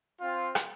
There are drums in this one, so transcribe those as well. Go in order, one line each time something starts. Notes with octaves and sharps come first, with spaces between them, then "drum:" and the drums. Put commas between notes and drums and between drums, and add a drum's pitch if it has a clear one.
C4 F4
drum: rim click